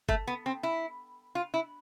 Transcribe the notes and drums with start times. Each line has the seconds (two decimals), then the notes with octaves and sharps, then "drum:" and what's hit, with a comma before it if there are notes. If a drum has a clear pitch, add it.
0.09 A3, drum: kick
0.27 B3
0.46 C4
0.63 E4
1.35 F4
1.54 E4